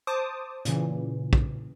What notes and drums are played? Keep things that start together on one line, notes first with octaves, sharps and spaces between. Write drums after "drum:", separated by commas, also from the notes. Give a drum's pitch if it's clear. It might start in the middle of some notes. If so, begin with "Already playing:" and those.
C5 A5 D6 D#6
A#2 C#3 E3, drum: hi-hat
drum: kick